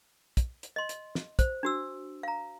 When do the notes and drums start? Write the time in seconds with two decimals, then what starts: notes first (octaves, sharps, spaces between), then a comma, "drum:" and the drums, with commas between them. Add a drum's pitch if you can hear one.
0.37 drum: kick, hi-hat
0.63 drum: hi-hat
0.76 D#5 C6
0.89 drum: hi-hat
1.15 drum: snare
1.39 C5, drum: kick, hi-hat
1.63 D4 F#4 E6
2.23 F5 A#5